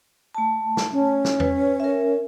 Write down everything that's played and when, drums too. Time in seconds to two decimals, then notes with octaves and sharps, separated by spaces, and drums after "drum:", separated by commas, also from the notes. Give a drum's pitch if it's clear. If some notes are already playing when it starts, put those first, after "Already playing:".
0.35 A3 A5
0.77 drum: snare
0.92 C#4
1.25 drum: snare
1.40 B4, drum: tom E2
1.80 A#4 E5